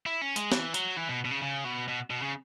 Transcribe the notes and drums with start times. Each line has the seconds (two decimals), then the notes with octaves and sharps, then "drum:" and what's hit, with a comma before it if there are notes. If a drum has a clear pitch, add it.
0.06 E4
0.22 C#4
0.36 G#3, drum: hi-hat
0.52 E3, drum: snare
0.74 F#3, drum: hi-hat
0.97 E3
1.09 B2
1.25 B2
1.31 C#3
1.42 C#3
1.65 B2
1.88 B2
2.10 B2
2.22 C#3